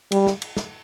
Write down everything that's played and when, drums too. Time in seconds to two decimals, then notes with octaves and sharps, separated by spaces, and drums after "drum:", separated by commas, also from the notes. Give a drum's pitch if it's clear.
0.12 G3, drum: cymbal
0.27 drum: snare
0.42 drum: cymbal
0.57 drum: snare